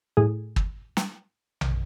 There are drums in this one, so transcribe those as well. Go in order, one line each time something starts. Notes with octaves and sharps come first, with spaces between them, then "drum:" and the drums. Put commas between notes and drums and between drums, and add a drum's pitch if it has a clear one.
A2 G#4
drum: kick
drum: snare
drum: tom A#1